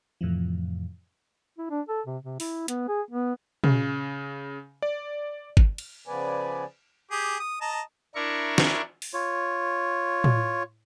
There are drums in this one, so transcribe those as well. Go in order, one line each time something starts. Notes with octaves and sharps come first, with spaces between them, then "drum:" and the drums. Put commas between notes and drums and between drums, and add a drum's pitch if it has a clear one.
F2 A2 C3 E3 F3
E4
D4
A4
C3
C3
E4, drum: open hi-hat
B3, drum: hi-hat
G#4
B3
C#3, drum: tom
D5
drum: kick
drum: cymbal
C#3 F3 B3 B4 D5 G#5
G4 G#4
D#6
D#5 A5 A#5
D4 E4 A#4 C#6
drum: snare
drum: open hi-hat
F4 C#5
drum: tom A2